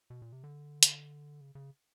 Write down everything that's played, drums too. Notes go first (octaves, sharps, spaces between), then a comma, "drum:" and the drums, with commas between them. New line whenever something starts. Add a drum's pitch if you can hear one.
B2
A#2
C3
D3
drum: hi-hat
C#3
C#3